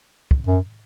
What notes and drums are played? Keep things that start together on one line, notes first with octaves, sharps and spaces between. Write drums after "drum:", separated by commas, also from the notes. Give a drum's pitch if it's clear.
drum: kick
F#2